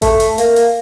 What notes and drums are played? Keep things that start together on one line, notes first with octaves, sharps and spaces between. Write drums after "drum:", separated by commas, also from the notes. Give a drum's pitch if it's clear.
A3, drum: kick A1, hi-hat
drum: hi-hat
A#3, drum: hi-hat
drum: hi-hat